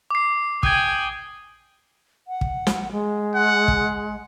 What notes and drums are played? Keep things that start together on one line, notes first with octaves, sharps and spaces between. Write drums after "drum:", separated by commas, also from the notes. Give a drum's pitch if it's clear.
D6 C7
G5 G#5 D#6 G#6, drum: kick
F#5
drum: kick
drum: snare
G#3
F#5
drum: kick